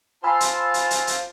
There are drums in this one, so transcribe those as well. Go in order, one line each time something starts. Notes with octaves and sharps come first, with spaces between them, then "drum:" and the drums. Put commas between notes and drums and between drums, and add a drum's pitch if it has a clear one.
F4 C5 G#5 A5 B5 E6
drum: hi-hat
drum: hi-hat
drum: hi-hat
drum: hi-hat